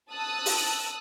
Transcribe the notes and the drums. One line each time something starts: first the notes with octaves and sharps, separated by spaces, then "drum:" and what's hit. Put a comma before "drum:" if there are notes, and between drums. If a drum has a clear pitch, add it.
A5 D#6 E6 F#6
drum: open hi-hat